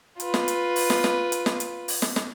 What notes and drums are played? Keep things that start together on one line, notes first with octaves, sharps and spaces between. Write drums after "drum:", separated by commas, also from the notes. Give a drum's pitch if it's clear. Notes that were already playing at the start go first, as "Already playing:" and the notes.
F4 B4, drum: hi-hat
drum: snare
drum: hi-hat
drum: open hi-hat
drum: snare
drum: snare
drum: hi-hat
drum: snare
drum: hi-hat
drum: open hi-hat
drum: snare
drum: snare